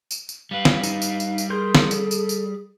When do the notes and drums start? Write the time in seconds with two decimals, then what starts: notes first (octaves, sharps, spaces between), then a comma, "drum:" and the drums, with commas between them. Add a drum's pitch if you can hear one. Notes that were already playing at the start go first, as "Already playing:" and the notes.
0.11 drum: tambourine
0.29 drum: tambourine
0.51 G3 B4 F5
0.65 drum: snare
0.83 D#4, drum: tambourine
1.02 drum: tambourine
1.20 drum: tambourine
1.38 drum: tambourine
1.50 G#4 A#4 C6 G6
1.75 drum: snare
1.91 A4 D5, drum: tambourine
2.11 drum: tambourine
2.29 drum: tambourine